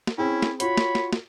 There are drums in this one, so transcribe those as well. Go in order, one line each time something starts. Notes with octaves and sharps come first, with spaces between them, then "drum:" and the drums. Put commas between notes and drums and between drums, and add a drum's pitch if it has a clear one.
drum: snare
C4 C#4 E4 G#4 G5
drum: snare
F4 F#4 C#5 B5, drum: hi-hat
drum: snare
drum: snare
drum: snare